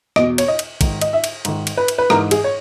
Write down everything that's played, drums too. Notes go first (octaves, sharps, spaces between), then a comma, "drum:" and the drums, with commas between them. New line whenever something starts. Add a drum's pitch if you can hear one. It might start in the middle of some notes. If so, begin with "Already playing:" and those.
E2 B2 D#5, drum: rim click
C#5, drum: cymbal
D#5
drum: cymbal
G#2 D#3, drum: kick, cymbal
D#5, drum: cymbal
E5
drum: cymbal
G#2 D#3, drum: cymbal
drum: cymbal
B4
drum: cymbal
B4
G#2 E3 A#4, drum: rim click
G#4, drum: cymbal
C#5